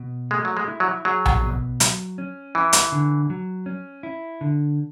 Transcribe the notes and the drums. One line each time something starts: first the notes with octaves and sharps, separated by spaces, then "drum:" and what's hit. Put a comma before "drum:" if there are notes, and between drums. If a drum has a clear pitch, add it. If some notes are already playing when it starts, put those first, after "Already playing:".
Already playing: B2
G#3 A3
F#3
G#3
E4
F#3
F#3 G#4
drum: tom A#1
B2
F#3, drum: hi-hat
C#4
E3 E4
drum: hi-hat
D3
F#3
C#4
E4
D3